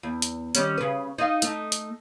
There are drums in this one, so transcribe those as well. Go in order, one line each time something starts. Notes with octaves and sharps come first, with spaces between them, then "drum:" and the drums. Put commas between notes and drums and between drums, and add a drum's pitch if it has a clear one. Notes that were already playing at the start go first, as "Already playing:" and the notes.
E2
drum: hi-hat
D#3 G3 C#4, drum: hi-hat
C#3 B4
D#4 F5
A3 D#4, drum: hi-hat
drum: hi-hat